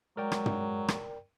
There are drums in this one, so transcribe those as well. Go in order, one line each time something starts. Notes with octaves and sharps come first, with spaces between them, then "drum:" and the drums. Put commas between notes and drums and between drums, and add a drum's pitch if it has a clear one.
F#3 G#3 A#4 D5 G5
drum: rim click
drum: tom
drum: rim click